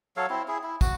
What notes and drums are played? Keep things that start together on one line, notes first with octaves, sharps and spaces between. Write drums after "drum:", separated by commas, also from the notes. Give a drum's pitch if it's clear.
F#3 A4 C#5 F5
C4 E4
E4 G#4
E4
F#4, drum: kick, tambourine